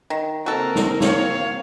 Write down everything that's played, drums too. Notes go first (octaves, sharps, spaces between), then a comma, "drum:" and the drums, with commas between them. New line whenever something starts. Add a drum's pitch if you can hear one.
D#3
C#3 A#3 C4 F#4 A4 A#4
drum: snare
C#5 F5, drum: snare